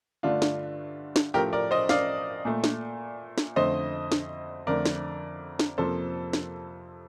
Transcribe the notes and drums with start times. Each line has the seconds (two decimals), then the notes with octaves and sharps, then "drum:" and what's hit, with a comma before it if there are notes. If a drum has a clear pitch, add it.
0.23 G2 D3 A3 D4 F4
0.42 drum: snare
1.16 drum: snare
1.34 A2 F3 A3 G4 A#4
1.53 A#4 D5
1.71 C5 D#5
1.89 D5 F5, drum: snare
2.45 A#2 A3
2.64 drum: snare
3.38 drum: snare
3.56 F2 D3 A3 C5 D#5
4.12 drum: snare
4.67 F2 D3 A3 A#4 D5
4.85 drum: snare
5.59 drum: snare
5.78 F2 C3 F3 A#3 A4 C5
6.33 drum: snare